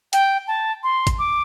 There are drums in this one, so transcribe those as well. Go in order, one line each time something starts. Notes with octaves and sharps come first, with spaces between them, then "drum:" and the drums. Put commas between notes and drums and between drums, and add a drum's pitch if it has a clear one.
G5, drum: hi-hat
A5
C6
drum: kick, hi-hat
D6